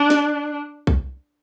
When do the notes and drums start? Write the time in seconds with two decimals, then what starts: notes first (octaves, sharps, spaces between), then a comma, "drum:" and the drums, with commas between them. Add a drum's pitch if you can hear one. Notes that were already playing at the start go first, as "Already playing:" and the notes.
Already playing: D4
0.10 drum: snare
0.87 drum: kick B1